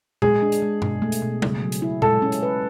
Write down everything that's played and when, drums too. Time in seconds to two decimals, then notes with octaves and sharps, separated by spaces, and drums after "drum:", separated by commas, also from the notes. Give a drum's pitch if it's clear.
0.22 G#3 G#4, drum: tom A#2
0.42 D4
0.52 drum: hi-hat
0.62 G#3
0.82 B2, drum: tom G2
1.02 A3
1.12 drum: hi-hat
1.22 B2
1.42 C#3, drum: tom G3
1.62 F#3
1.72 drum: hi-hat
1.82 E4
2.02 G#3 A4, drum: tom A#2
2.22 C#4
2.32 drum: hi-hat
2.42 B4